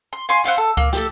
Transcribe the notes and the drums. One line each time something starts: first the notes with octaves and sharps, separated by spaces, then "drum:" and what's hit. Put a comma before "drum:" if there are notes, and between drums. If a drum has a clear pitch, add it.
C6
F5 G#5 C6 C#6
E4 F4 C5 F#5
A4
A#3, drum: kick C#2
G4 A4, drum: snare